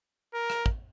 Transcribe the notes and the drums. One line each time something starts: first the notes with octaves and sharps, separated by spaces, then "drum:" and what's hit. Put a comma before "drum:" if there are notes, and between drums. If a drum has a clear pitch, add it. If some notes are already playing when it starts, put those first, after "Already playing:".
A#4
drum: rim click
drum: kick